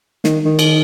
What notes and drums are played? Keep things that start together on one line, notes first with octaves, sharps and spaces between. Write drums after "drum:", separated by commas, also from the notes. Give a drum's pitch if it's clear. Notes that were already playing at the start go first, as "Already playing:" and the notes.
D#3, drum: snare
D#3
drum: cymbal